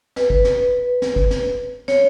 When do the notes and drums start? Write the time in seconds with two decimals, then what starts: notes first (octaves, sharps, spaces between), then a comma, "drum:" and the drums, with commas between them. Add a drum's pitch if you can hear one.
0.16 B4, drum: snare
0.30 drum: kick
0.44 drum: snare
1.02 drum: snare
1.16 drum: kick
1.31 drum: snare
1.88 C#5, drum: snare